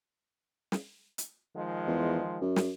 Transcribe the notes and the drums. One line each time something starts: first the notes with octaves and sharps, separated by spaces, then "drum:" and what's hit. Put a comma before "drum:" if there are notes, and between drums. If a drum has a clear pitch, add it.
drum: snare
drum: hi-hat
D#3 F3 G#3
E2
F#2
drum: snare